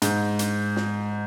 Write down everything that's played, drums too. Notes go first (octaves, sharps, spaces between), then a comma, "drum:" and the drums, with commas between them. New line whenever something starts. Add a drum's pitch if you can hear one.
G#2, drum: hi-hat
drum: hi-hat
drum: snare